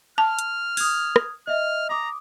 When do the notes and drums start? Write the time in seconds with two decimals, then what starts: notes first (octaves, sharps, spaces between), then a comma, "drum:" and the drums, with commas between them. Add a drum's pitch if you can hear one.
0.18 A5 F6
0.39 drum: hi-hat
0.77 D#6 G#6, drum: open hi-hat
1.16 drum: rim click
1.47 D#5 E5 F6
1.89 A#5 D6 D#6